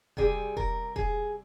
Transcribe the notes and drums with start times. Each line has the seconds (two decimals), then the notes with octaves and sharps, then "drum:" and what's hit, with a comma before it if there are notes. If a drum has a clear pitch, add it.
0.17 C3 G3 G#4, drum: kick E1
0.57 A#4, drum: kick E1
0.96 G#4, drum: kick E1